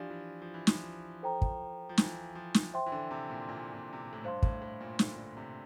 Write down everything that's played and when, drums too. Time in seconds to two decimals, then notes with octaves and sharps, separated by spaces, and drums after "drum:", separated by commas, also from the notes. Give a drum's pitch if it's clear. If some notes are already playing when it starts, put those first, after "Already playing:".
Already playing: E3 F3 D4 G4 D5 F5
0.10 E3
0.42 F3
0.54 E3
0.67 F3, drum: snare
1.23 A4 C5 G5 A#5
1.42 drum: kick
1.89 F3
1.98 E3, drum: snare
2.35 F3
2.54 drum: snare
2.74 C5 E5 G5 C6
2.86 E3
2.92 D3
3.11 C3
3.30 A#2
3.49 A#2
3.74 A#2
3.93 C3
4.03 A#2
4.13 A2
4.24 G2 C5 F5 C6
4.43 A2, drum: kick
4.62 A2
4.81 A#2
4.99 D3, drum: snare
5.18 D3
5.37 C3